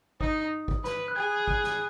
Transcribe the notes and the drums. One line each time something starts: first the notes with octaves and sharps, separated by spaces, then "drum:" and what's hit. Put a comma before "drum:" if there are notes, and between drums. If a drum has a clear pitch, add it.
D#4 D#6, drum: kick G#1
drum: kick G#1
B4 B5, drum: snare
F#6
G#4 G#6
G#6
F#6, drum: kick G#1
drum: snare